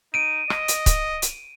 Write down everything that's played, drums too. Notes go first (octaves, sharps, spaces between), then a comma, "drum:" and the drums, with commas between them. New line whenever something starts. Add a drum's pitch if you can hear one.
D#4 D7 D#7
D#5, drum: rim click
drum: hi-hat
drum: kick C#1, hi-hat
drum: hi-hat